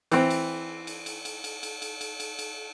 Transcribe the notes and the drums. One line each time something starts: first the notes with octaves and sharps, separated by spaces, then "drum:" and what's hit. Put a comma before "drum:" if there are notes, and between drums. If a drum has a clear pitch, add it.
E3 C4, drum: cymbal
drum: cymbal
drum: cymbal
drum: cymbal
drum: cymbal
drum: cymbal
drum: cymbal
drum: cymbal
drum: cymbal
drum: cymbal
drum: cymbal